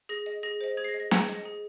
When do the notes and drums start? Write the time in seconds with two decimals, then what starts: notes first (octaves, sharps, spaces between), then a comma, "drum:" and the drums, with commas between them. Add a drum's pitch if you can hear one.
0.09 G#4 A#6
0.26 D#5
0.43 G#4 A#6
0.61 C5 D#5
0.77 G#4 G#6
0.84 C7
0.88 A#6
0.94 D#5
1.00 A#6
1.11 G#4 G#6, drum: snare
1.29 D#5
1.45 G#4